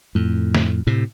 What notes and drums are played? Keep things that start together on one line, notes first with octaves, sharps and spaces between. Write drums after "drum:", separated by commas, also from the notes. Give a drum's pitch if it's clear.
F2 A2
drum: snare
A2 C3